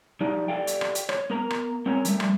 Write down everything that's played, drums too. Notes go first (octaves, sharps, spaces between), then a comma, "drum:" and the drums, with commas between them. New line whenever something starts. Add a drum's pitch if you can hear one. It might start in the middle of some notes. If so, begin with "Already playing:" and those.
F3 D#4 G4 D5
G4 A4 D5 F5 G5
drum: hi-hat
drum: rim click
drum: hi-hat
C#5, drum: rim click
B3 A#4 A#5
drum: rim click
C4 C#4 A#4 C#5 A#5
F3 G3 A3, drum: hi-hat
drum: rim click